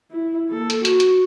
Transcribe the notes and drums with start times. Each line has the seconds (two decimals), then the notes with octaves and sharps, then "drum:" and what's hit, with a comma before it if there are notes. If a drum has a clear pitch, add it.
0.11 E4
0.48 A#3 A4
0.70 drum: hi-hat
0.85 F#4, drum: hi-hat
1.00 drum: hi-hat